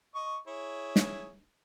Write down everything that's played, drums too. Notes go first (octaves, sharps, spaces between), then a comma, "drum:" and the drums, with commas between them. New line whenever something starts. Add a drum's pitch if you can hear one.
D#5 C#6
E4 G#4 C#5
drum: snare